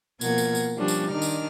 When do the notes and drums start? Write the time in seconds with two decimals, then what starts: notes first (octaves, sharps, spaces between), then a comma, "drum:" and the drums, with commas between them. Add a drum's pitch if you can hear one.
0.21 B2 F3 A#3 A#4 F#5 G#6, drum: tambourine
0.38 drum: tambourine
0.55 drum: tambourine
0.77 F3 G3 C#4 D4
0.88 drum: tambourine
1.09 D#3 D4 D#4 D5 F6
1.22 drum: tambourine